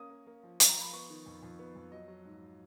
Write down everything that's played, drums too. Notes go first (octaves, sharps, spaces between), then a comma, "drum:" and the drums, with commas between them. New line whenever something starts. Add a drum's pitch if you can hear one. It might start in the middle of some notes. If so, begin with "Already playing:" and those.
Already playing: A#3 C#4 D#6
A#3
A#3
F3
F3, drum: hi-hat
A#5
F3 B5
B3 C#6
D#3
F2
F2
B3
F2
F#3 D#5
F#3
G#2